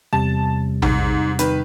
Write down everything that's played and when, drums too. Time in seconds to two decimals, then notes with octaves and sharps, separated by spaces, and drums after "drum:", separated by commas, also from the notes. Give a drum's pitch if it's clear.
0.13 E2 C3 G3 A5
0.82 G#2, drum: tom A#1
1.39 D#3 B4, drum: hi-hat